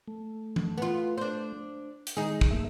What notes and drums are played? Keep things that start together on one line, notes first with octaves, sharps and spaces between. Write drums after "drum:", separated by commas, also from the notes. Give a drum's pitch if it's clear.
A3
drum: tom E3
B3 F4
D4 C5
drum: hi-hat
D#3 G#3 D#4 G#4
drum: kick
A3 A#3 E5